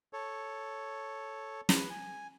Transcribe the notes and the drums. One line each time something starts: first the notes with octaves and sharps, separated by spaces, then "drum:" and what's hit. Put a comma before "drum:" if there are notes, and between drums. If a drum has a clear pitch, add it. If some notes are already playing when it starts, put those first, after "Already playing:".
A4 C#5
B4, drum: snare
G#5